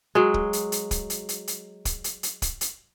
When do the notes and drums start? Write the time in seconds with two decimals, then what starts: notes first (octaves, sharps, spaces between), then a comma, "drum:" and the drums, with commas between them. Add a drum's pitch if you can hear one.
0.15 F#3 G#3
0.34 drum: kick
0.53 drum: hi-hat
0.72 drum: hi-hat
0.91 drum: kick, hi-hat
1.10 drum: hi-hat
1.29 drum: hi-hat
1.48 drum: hi-hat
1.85 drum: kick, hi-hat
2.04 drum: hi-hat
2.23 drum: hi-hat
2.42 drum: kick, hi-hat
2.61 drum: hi-hat